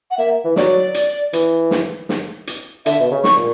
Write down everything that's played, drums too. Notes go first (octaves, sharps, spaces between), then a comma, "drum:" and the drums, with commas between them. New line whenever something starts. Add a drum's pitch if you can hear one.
F#5
A#3 E5
E3
F#3 D5, drum: snare
drum: hi-hat
E3, drum: hi-hat
drum: snare
drum: snare
drum: hi-hat
D3 E5, drum: hi-hat
B2
C#3
C#6, drum: snare
A#2